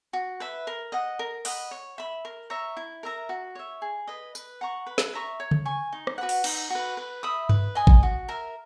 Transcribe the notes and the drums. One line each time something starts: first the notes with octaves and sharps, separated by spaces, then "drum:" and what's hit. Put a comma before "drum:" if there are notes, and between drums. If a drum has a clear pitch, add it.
F#4
B4 E5 B5
A#4
D#5 F#5
A#4
D#5 F#5 B5, drum: open hi-hat
C#5
E5 B5
A#4
C#5 E5 A#5
E4
A#4 E5 A#5
F#4
C#5 E5
G#4
B4 D#5
B4, drum: tambourine
F#5 A#5 C#6
B4
drum: snare
E5 A#5 C#6
C#5
drum: tom C#3
G#5 C#6
D#4
drum: rim click
F#4 B4 F#5
drum: open hi-hat
D#4, drum: cymbal
F#4 B4
B4
E5 B5 D#6
B4, drum: tom G2
D#5 G#5 D#6
drum: kick G#1
F#4
A#4 E5 A#5